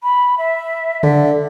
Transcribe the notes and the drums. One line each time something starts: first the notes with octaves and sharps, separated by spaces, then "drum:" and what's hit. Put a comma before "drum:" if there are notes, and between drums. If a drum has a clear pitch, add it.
B5
E5
D3, drum: tom C#3